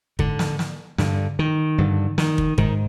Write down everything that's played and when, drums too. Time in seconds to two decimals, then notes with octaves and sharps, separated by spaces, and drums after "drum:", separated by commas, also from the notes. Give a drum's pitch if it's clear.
0.19 G#2 D3, drum: kick
0.39 drum: snare
0.59 drum: snare
0.98 G2 D3, drum: snare
1.39 D#3
1.78 G2 D3
2.18 D#3, drum: snare
2.38 drum: kick
2.58 G#2 D#3, drum: kick